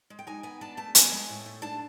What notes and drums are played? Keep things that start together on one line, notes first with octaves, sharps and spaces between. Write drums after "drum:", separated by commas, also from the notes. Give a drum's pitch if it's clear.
G#3
G5
D#4 G#5
B3 G#5
D4 A5
A3 A5
B3 G#5, drum: hi-hat
G#3
A2
A3
D4 A5